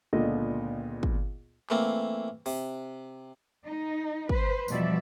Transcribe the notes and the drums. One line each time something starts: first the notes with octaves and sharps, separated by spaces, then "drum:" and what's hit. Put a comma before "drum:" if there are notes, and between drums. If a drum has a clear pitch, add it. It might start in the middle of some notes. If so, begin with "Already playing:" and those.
C#2 A#2 D3 B3 A4 D#5
drum: kick
E3 A3 A#3 C4, drum: clap
C3, drum: open hi-hat
D#4
B4 C5, drum: kick
E2 B2 F3 G3 D5 E5, drum: tambourine